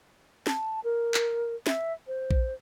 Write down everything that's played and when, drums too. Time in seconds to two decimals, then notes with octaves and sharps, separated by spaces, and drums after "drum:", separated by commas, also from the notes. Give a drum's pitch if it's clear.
0.47 A5, drum: snare
0.84 A#4
1.14 drum: clap
1.67 E5, drum: snare
2.07 C5
2.31 drum: kick A#1